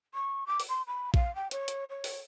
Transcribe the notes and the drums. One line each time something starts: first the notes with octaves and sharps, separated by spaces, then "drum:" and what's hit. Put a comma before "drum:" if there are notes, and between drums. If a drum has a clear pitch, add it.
C#6
D6
drum: open hi-hat
C6
B5
F5, drum: kick A#1
G5
C#5, drum: hi-hat
drum: hi-hat
C#5
drum: open hi-hat